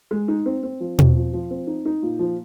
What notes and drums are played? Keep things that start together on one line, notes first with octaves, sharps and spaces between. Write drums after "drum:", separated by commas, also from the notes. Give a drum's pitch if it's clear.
G#3
D#4
C4
C4
F3
C4, drum: tom
F3
F3
C4
D#4
D#4
A#2
F3